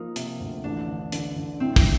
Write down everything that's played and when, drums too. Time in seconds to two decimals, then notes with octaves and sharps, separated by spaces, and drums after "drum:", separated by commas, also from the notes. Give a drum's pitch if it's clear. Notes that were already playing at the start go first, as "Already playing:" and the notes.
Already playing: F3 A#3 D#4 F4
0.16 C3, drum: hi-hat
0.40 D2
0.64 A1 D4
0.88 D3
1.12 D3, drum: hi-hat
1.36 D3
1.60 A2 C4
1.76 drum: kick, open hi-hat